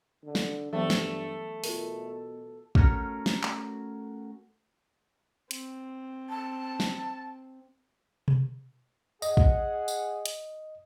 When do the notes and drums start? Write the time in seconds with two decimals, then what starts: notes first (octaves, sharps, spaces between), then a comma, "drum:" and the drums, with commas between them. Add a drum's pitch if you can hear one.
0.25 D3
0.35 drum: snare
0.73 G2 E3 F#3 A3 B3
0.90 drum: snare
1.64 B2 F4 A4 A#4, drum: open hi-hat
2.75 A3 C#4 F#4 A4 A#4, drum: kick
3.26 drum: snare
3.43 drum: clap
5.51 C4, drum: hi-hat
6.30 A5
6.80 drum: snare
8.28 drum: tom B2
9.22 G#4 D#5 F#5, drum: tambourine
9.37 drum: kick
9.88 drum: tambourine
10.26 drum: hi-hat